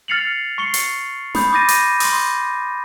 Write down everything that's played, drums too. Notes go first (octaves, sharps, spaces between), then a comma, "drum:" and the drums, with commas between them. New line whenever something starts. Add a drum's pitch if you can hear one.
F6 A6 C7 C#7 F7 F#7
C#6 C7 C#7 G7
drum: hi-hat
B5 D#6 G6, drum: snare
D6 D#6 G6 A6 A#6 D#7
drum: hi-hat
C6 D#6, drum: open hi-hat